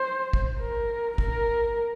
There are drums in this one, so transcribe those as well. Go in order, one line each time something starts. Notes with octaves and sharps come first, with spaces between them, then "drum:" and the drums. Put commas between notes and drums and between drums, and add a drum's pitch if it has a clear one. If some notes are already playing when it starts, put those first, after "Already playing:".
Already playing: C5
drum: kick
A#4
A#4, drum: kick